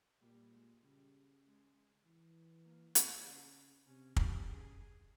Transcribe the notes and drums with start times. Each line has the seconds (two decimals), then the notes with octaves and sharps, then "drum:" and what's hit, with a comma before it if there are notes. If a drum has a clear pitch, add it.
0.22 A#2 G3
0.52 G#3
0.83 C#3 G3
1.43 G#3
2.04 E3
2.65 A#3
2.95 A#3, drum: hi-hat
3.25 C#3 C#4
3.86 C3 C#4
4.16 C3 G4, drum: kick
4.47 C#3 G#4